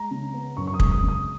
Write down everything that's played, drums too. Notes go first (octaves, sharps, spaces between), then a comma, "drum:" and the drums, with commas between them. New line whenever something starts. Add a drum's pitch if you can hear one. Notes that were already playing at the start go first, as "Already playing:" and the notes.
Already playing: G#3 A#5
C#3
B3
F#2 C#6
C#6
D#6
G#3, drum: kick
D#6
C#3
D#6